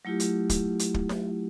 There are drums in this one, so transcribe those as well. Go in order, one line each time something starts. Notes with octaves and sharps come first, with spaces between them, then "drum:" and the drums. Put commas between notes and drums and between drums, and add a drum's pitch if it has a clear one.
F#3 A3 E4 F4 G4
drum: hi-hat
drum: kick, hi-hat
drum: hi-hat
drum: kick
drum: snare E4